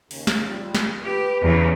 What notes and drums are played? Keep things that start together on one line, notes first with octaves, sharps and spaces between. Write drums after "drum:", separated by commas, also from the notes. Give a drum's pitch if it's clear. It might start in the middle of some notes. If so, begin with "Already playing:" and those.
D#2 C#3, drum: open hi-hat
drum: snare
G3 F4
drum: snare
G4 B4
E2 C#3